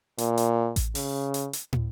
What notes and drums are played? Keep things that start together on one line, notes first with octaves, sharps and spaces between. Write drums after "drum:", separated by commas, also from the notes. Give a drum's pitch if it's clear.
A#2, drum: hi-hat
drum: hi-hat
drum: kick A1, hi-hat
C#3, drum: open hi-hat
drum: hi-hat
drum: hi-hat
drum: tom